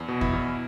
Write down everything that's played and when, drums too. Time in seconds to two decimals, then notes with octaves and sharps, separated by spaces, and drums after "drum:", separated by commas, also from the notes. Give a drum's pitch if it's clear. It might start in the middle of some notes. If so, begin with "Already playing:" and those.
Already playing: E2
0.08 B2
0.21 E4, drum: kick E2
0.33 E2